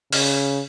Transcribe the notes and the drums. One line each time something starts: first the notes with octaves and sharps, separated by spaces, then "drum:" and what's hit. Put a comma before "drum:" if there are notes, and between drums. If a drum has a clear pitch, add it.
C#3, drum: open hi-hat